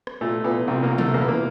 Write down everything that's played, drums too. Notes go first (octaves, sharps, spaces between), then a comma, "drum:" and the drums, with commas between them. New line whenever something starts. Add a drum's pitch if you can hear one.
drum: rim click
A#2 A3
A#2 B3
C2 C4
A#3
F3
A3, drum: tom
E2 A#3
B3
A#3